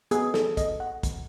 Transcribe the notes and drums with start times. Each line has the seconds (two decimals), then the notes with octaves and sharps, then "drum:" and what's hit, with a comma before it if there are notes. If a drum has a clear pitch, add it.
0.11 B3 F#4 G#4, drum: hi-hat
0.34 A4, drum: snare
0.57 D#5, drum: kick, hi-hat
0.80 F#5
1.03 drum: kick, hi-hat